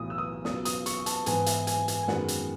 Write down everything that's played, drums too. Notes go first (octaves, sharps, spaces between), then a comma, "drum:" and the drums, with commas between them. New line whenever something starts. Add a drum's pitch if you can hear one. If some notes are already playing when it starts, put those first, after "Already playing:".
Already playing: B1 A2 E3 D#6
E6
D#6
C#2 B2 F#3 D#6, drum: snare
D#6, drum: hi-hat
C#6, drum: hi-hat
A5, drum: hi-hat
G#2 E3 B3 G#5, drum: hi-hat
E5, drum: hi-hat
G#5, drum: hi-hat
G#5, drum: hi-hat
G#5
F#2 D#3 G#3 B3 F#5, drum: snare
drum: hi-hat